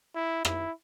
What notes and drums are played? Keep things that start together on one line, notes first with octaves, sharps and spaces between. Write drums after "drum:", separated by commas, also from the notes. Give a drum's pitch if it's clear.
E4
E4, drum: rim click